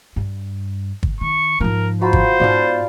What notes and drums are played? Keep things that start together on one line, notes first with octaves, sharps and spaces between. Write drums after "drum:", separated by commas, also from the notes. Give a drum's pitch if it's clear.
G2
drum: kick
D#3 C#6
G#2 F3 A#4
F#3 F4 C5 B5
drum: kick
G#2 B3 D5 F5 A5